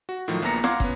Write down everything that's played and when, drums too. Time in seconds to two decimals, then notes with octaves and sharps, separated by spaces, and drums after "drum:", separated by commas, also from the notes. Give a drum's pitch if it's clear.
0.09 F#4
0.28 A2 D#3 F3 F#3
0.42 A#1 A#2 B3 A#5 A#6 C#7
0.64 F5 F#5 A#5 C6 D6 G#6, drum: snare
0.80 B3 C#4, drum: kick